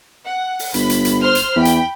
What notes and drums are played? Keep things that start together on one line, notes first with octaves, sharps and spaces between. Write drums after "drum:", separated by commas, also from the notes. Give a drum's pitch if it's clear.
F#5
drum: open hi-hat
G1 B5, drum: hi-hat
drum: hi-hat
drum: hi-hat
C5 C6 F6
drum: hi-hat
E2 G5 B5
drum: hi-hat